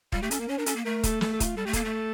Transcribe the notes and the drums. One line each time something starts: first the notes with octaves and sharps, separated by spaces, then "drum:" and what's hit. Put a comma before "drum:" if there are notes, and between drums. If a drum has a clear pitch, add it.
G3 F4, drum: kick D#1
A3 G4
C#4 A4, drum: hi-hat
A#3 A#4
C#4 C#5
D4 A#4
C#4 A4, drum: hi-hat
A#3
A3 A#4
A4, drum: kick D#1, hi-hat
A4, drum: snare
A4
E4, drum: kick D#1, hi-hat
F4
G3 A4
A3 G4
A#3 A4, drum: kick D#1, hi-hat
A3